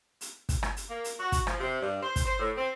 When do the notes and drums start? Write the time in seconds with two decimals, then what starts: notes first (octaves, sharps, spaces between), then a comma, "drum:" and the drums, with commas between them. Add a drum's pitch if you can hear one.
0.21 drum: hi-hat
0.49 drum: kick, hi-hat
0.63 drum: rim click
0.77 drum: hi-hat
0.90 A#3
1.04 drum: hi-hat
1.18 F#4
1.32 drum: kick, hi-hat
1.47 F3, drum: rim click
1.60 C3
1.82 G2
2.02 C5
2.16 drum: kick, hi-hat
2.26 C5
2.39 A2
2.57 C4